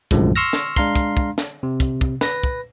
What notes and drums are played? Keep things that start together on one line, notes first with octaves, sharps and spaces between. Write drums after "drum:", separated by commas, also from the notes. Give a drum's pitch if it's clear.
B1 F#2 A2 D3 F3 G#3, drum: kick, hi-hat
C6 C#6 E6 F6 A#6
drum: snare
G#3 D4 F5 A#5 C6, drum: kick
drum: kick, hi-hat
drum: kick
drum: snare
C3
drum: kick, hi-hat
drum: kick
B4 A#6, drum: snare
drum: kick